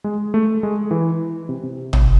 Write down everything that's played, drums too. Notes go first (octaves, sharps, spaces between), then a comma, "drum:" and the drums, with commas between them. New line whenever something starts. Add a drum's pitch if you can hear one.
G#3
A3
G#3
E3
C3
C3
drum: tom